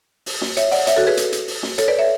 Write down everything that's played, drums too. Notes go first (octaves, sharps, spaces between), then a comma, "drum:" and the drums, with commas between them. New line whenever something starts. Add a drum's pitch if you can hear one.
drum: open hi-hat
drum: snare
C#5 E5, drum: hi-hat
D5 F#5, drum: open hi-hat
C#5 E5, drum: hi-hat
F#4 A4
G#4 B4
drum: hi-hat
drum: hi-hat
drum: open hi-hat
drum: snare
A4 C#5, drum: hi-hat
B4 D5
C#5 E5